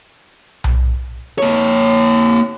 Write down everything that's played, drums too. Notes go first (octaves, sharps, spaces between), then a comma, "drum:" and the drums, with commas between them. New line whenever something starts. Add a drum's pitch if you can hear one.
drum: tom B1
A#3 C#5